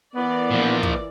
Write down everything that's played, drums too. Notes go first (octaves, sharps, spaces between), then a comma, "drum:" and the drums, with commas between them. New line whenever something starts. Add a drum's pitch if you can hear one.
E3 B3 A#4 D5
A#2 F3
drum: kick